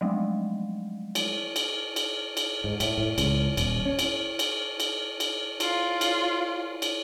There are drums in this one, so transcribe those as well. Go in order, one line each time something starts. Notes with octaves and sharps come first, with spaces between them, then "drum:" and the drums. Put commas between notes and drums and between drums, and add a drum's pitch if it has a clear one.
F3 F#3 G#3 A3
drum: cymbal
drum: cymbal
drum: cymbal
drum: cymbal
G#2
A2, drum: cymbal
A2
C#2, drum: cymbal
D#1, drum: cymbal
C#4
drum: cymbal
drum: cymbal
drum: cymbal
drum: cymbal
F4, drum: cymbal
drum: cymbal
drum: cymbal